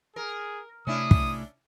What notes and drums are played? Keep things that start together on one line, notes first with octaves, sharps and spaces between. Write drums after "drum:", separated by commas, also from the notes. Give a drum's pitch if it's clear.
G#4 A#4
C3 A3 C#4 D4 E4 D#6
drum: kick